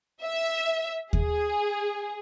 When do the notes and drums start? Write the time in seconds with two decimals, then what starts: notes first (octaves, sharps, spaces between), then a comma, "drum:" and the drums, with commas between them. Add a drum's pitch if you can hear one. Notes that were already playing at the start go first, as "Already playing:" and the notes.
0.23 E5
1.13 G#4, drum: kick D#2